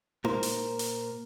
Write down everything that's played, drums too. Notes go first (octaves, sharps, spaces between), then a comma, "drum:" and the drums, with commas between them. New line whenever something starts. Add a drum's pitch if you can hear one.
A#2 A#3 A#4 C5, drum: tom D#4
drum: hi-hat
drum: hi-hat